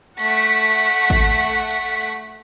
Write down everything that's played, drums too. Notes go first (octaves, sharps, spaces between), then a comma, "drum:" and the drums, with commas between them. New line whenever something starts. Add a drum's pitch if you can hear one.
A3 F#5 C#6 B6, drum: hi-hat
drum: hi-hat
drum: hi-hat
drum: kick G#1, hi-hat
drum: hi-hat
drum: hi-hat
drum: hi-hat